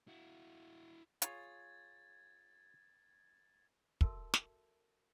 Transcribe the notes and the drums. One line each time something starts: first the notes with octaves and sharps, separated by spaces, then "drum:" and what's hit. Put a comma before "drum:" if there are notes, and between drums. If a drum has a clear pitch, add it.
E4 F#4
F4 G#4 C#5 G#6 A6, drum: hi-hat
F#4 A4 A#4 E5 A5 E6, drum: kick
drum: snare